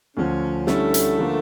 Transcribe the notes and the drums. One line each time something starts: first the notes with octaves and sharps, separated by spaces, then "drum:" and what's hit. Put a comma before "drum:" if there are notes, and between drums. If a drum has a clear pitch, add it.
D2 D3 F3 C#4
D3 G3 A3 C#4 E4, drum: snare
drum: hi-hat
D3 F3 A#3